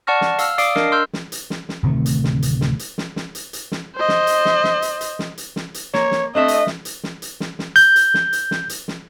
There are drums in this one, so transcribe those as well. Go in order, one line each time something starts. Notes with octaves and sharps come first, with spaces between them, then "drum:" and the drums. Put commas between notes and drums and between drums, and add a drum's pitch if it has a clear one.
D5 F#5 A5 C#6 F6 A#6
drum: snare
F5 E6 F6, drum: hi-hat
D5 F5 D6 D#6 C7 D7, drum: hi-hat
D4 A#4 D#5 C7, drum: snare
C6 E6 F6 G6
drum: snare
drum: hi-hat
drum: snare
drum: snare
D1 C3 D#3 A3
drum: hi-hat
drum: snare
drum: hi-hat
drum: snare
drum: hi-hat
drum: snare
drum: snare
drum: hi-hat
drum: hi-hat
drum: snare
C5 D#5
drum: snare
drum: hi-hat
drum: snare
drum: snare
drum: hi-hat
drum: hi-hat
drum: snare
drum: hi-hat
drum: snare
drum: hi-hat
A#3 C#5, drum: snare
drum: snare
A3 C4 D4 D#5 E5
drum: hi-hat
drum: snare
drum: hi-hat
drum: snare
drum: hi-hat
drum: snare
drum: snare
G6, drum: hi-hat
drum: hi-hat
drum: snare
drum: hi-hat
drum: snare
drum: hi-hat
drum: snare